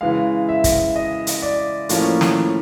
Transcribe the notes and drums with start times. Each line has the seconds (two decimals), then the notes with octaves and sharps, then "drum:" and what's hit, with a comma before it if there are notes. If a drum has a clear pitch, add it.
0.01 C#3 E3 G#3 F5
0.49 E5
0.64 drum: kick, hi-hat
0.96 D#5
1.27 drum: hi-hat
1.42 D5
1.89 A2 F3 A#3 C#4, drum: hi-hat
2.21 drum: snare